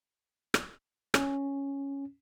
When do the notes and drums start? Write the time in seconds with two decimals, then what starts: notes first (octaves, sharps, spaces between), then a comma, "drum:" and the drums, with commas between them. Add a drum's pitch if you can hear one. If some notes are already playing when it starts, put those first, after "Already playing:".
0.54 drum: rim click
1.14 C#4, drum: rim click